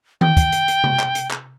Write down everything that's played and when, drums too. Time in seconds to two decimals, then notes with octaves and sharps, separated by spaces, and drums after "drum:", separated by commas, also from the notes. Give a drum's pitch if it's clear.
0.21 G5, drum: tom D#3
0.37 drum: kick, hi-hat
0.52 drum: hi-hat
0.68 drum: hi-hat
0.84 drum: tom C3
0.99 drum: clap
1.15 drum: hi-hat
1.31 drum: clap